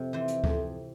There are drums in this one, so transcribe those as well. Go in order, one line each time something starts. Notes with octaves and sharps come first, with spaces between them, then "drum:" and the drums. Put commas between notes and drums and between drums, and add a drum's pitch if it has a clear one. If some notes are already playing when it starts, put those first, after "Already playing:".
Already playing: F2 C3
E3 C5
drum: hi-hat
F2, drum: kick D2